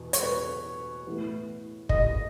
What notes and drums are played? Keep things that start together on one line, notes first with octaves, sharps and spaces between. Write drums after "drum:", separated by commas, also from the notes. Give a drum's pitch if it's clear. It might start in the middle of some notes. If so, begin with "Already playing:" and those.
Already playing: E2 B2
C#5, drum: hi-hat
B4
A2 E3 B3
D#5, drum: kick